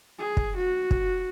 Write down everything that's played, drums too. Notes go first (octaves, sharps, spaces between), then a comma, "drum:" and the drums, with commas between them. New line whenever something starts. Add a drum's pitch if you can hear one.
G#4
drum: kick
F#4
drum: kick